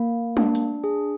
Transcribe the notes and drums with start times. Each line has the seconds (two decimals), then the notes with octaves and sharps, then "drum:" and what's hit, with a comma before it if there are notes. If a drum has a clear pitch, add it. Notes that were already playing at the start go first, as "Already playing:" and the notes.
Already playing: A#3
0.37 D4, drum: tom
0.55 drum: hi-hat
0.84 G#4